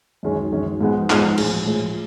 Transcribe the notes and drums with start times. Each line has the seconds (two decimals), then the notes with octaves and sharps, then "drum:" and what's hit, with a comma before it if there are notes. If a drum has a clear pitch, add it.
0.23 F#2 D#3 G#3 C#4
0.52 F#2 D#3 G#3 C#4
0.81 G#2 F3 G#3 B3 D#4
1.10 G#2 F3 G#3 B3 D#4, drum: clap
1.38 A2 F3 G#3, drum: cymbal
1.66 A2 F3 G#3